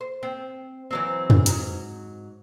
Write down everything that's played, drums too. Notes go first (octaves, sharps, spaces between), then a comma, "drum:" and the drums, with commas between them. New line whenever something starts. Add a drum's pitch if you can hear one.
C5
C4
E3 F#3 C4
drum: tom F2
G#2 F#3, drum: hi-hat